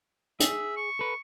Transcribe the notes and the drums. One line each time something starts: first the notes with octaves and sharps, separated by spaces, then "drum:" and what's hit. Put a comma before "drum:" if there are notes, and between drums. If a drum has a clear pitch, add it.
G#4 E5, drum: hi-hat
C#6
A4 B4